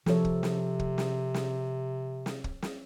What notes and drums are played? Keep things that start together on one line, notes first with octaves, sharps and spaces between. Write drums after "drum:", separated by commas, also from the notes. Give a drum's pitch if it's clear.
C3 F3 A4 C#5, drum: snare
drum: kick
drum: snare
drum: kick
drum: snare
drum: snare
drum: snare
drum: kick
drum: snare